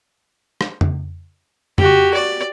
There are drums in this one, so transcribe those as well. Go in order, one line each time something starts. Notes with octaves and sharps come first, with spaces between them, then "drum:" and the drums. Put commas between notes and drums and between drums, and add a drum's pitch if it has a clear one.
drum: rim click
drum: tom
F#4 G4, drum: tom
D5